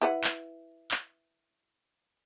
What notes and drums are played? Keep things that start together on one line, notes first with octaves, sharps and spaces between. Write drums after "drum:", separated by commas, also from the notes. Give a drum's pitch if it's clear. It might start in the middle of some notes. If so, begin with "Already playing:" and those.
E4 B4 F#5
drum: clap
drum: clap